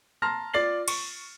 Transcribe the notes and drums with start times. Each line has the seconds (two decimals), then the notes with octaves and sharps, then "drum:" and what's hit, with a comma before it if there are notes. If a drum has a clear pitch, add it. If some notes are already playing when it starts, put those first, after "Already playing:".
0.22 A5 A#5 C6 F6 A#6
0.53 F4 D5 A6 C7 F#7
0.88 C#6 C#7, drum: cymbal